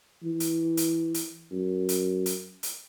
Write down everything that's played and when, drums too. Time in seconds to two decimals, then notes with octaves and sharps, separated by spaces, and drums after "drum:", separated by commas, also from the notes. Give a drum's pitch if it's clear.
0.23 E3
0.40 drum: hi-hat
0.77 drum: hi-hat
1.14 drum: hi-hat
1.51 F#2
1.89 drum: hi-hat
2.26 drum: hi-hat
2.63 drum: hi-hat